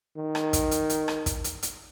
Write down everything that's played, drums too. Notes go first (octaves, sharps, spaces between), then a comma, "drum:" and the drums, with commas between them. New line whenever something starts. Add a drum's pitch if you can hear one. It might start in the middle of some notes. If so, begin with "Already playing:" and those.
D#3
drum: rim click
drum: kick, hi-hat
drum: hi-hat
drum: hi-hat
drum: rim click
drum: kick, hi-hat
drum: hi-hat
drum: hi-hat